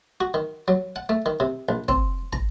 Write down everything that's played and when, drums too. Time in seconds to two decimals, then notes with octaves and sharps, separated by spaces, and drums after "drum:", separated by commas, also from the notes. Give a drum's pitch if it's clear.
0.21 F#4
0.34 D#3
0.68 F#3
0.96 F#5
1.09 A3
1.26 D#3
1.40 C3
1.69 A#1
1.88 C4, drum: kick
2.33 A#5, drum: kick